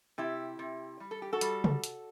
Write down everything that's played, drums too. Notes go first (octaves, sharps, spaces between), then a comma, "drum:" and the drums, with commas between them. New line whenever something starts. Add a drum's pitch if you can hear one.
C3 E4 G4
C3
G3
A4
G4
F#4 A4
G3, drum: hi-hat
drum: tom C3
drum: hi-hat